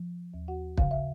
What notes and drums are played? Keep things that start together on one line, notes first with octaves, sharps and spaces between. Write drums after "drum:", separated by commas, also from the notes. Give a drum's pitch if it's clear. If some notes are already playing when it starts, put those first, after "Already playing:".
Already playing: F3
D#2
F#4 F#5
C#3 F5, drum: kick
E5